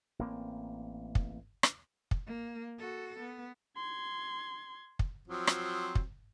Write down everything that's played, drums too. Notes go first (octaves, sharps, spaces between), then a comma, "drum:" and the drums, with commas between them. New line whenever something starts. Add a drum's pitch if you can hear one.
A1 A#3 C4
drum: kick
drum: rim click
drum: kick
A#3
F#4 A4
B3
C6 G#6
drum: kick
F3 F#3 C4
drum: rim click
drum: kick